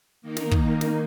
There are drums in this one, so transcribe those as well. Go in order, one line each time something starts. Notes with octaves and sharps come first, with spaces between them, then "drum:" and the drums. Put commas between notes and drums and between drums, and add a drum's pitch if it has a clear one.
D#3 A#3 D#4
drum: snare
drum: kick
drum: snare